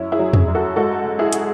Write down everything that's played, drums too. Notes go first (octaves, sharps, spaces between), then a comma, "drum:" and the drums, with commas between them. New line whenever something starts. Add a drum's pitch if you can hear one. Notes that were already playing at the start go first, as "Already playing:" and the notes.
Already playing: F#2 C#4 E4
E4 G#4
F#3
drum: tom
F#2
F#4 A4
G#2 F#4 A4
G#3
E4 G#4
drum: hi-hat